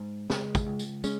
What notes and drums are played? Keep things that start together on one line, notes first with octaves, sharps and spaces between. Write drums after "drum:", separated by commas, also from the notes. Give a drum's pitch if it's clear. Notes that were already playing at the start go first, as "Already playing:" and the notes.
Already playing: G#2
C#2 G#3, drum: snare
drum: kick, tambourine
C#2
drum: tambourine
G#3 C#4, drum: tambourine